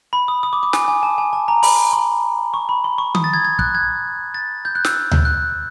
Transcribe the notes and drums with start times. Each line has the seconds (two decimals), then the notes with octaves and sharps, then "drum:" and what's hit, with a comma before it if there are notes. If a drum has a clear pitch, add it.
0.13 B5
0.28 D#6
0.43 D#6
0.53 D6
0.63 D6
0.73 G#5, drum: snare
0.88 G#5
1.03 A5
1.18 G#5
1.33 A5
1.48 A#5
1.63 B5, drum: open hi-hat
1.93 C6
2.54 C#6
2.69 B5
2.84 C6
2.98 C#6
3.15 D#6, drum: tom D#3
3.24 A6
3.34 G#6
3.45 G#6
3.59 F#6, drum: kick
3.75 G#6
4.34 A6
4.65 G6
4.75 F#6
4.85 E6, drum: snare
5.11 drum: tom D2
5.25 F#6